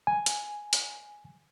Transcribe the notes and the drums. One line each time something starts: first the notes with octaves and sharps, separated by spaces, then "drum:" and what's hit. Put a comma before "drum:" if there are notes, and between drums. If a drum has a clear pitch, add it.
G#5
drum: hi-hat
drum: hi-hat